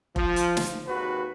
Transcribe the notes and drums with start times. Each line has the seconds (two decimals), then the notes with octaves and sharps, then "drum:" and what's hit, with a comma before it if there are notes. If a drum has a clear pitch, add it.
0.16 F3, drum: kick F1
0.36 drum: hi-hat
0.57 drum: snare
0.85 G#1 D#2 F#4 B4